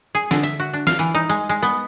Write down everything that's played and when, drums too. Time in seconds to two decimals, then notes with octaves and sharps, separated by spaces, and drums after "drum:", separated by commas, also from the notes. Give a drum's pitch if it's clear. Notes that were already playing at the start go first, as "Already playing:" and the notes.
0.15 G#4
0.31 D3, drum: snare
0.43 E5
0.60 F#4
0.73 D4
0.87 F5, drum: snare
0.99 E3
1.15 D#4
1.29 G#3
1.49 G#3
1.63 B3